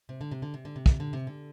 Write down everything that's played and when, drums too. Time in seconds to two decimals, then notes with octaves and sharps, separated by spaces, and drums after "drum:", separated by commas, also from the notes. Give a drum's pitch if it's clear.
0.09 C3
0.21 D3
0.32 C3
0.42 D3
0.54 C3
0.65 D3
0.76 C3
0.86 drum: kick
1.00 D3
1.13 C3
1.27 D3